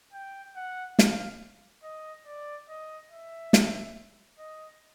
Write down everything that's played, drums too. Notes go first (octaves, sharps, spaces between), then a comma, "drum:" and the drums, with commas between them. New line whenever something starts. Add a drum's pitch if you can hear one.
G5
F#5
F5, drum: snare
D#5
D5
D#5
E5
drum: snare
D#5